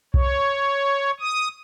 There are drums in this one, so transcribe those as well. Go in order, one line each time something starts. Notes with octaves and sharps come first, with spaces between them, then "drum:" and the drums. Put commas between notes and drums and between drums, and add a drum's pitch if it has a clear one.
C#5, drum: kick B1
D#6